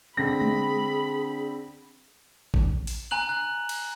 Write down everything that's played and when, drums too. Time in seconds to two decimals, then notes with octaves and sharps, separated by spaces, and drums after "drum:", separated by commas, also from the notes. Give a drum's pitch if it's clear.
0.17 D3 C4 G#4 B5 A#6
0.41 drum: tom G#3
2.54 drum: kick
2.87 drum: open hi-hat
3.11 G#5 A#5 F#6 F#7
3.29 F#6
3.69 drum: cymbal